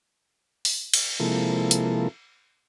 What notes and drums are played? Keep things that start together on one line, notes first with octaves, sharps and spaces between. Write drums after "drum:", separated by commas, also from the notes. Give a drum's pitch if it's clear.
drum: open hi-hat
drum: cymbal
C3 F3 G#3 A#3 E4 A4
drum: hi-hat